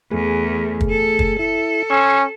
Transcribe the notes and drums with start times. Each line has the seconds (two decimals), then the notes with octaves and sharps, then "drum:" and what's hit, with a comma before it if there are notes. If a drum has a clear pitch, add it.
0.11 E2 A3 G#4
0.81 drum: kick
0.90 A4
1.19 drum: kick
1.39 E4 A4
1.91 C#4 C6 E6 G#6